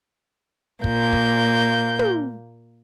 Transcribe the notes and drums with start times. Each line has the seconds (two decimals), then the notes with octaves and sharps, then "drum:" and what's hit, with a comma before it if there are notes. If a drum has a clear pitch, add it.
0.84 A#2 A#3 G6, drum: kick
1.13 drum: kick
1.99 drum: tom